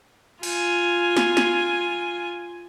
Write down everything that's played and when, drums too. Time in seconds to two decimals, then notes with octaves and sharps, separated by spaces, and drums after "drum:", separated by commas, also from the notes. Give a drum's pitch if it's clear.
0.43 F4 G#5, drum: cymbal
1.17 drum: snare
1.37 drum: snare